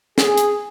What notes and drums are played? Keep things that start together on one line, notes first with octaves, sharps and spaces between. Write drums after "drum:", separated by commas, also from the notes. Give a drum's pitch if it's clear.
G#4, drum: snare
drum: hi-hat